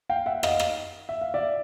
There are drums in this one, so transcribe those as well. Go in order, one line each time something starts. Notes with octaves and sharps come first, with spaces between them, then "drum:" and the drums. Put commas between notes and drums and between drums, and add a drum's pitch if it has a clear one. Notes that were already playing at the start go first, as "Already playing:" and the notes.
F5 G5
E5 F#5
D#5 F5, drum: rim click
drum: rim click
E5
F5
D5 E5